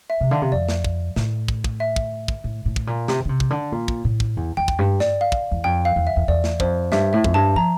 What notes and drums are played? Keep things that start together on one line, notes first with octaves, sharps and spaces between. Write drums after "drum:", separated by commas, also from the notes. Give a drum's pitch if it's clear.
E5
C3
D3 F5
C3
F2 D5
drum: snare
drum: kick
A2, drum: snare
drum: kick
drum: kick
E5
drum: kick
drum: kick
A2
A2
drum: kick
A#2
C3, drum: snare
D3
C3
drum: kick
D3
A#2
drum: kick
A2
drum: kick
E2
E2 G5
drum: kick
G2
D5, drum: snare
F5
drum: kick
E2
F2 G5
F5
E2
E5
E2
E2 D5
drum: snare
F2 C5, drum: kick
G2 E5, drum: snare
A2 E5
F2, drum: kick
G2 A5
F3 A#5